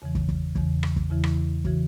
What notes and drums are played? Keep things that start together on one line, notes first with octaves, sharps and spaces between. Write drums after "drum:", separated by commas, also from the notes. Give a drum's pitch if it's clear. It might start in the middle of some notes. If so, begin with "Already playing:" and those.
E2 C#3 E3
drum: kick
drum: kick
E2 C#3 E3, drum: kick
drum: rim click
drum: kick
E2 C#3 E3 E4
drum: rim click
C#3 E3 F#4, drum: kick